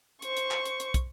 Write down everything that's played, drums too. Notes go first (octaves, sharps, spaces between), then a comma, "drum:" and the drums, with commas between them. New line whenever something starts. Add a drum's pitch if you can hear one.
C5 C#6, drum: hi-hat
drum: hi-hat
drum: clap
drum: hi-hat
drum: hi-hat
drum: kick, hi-hat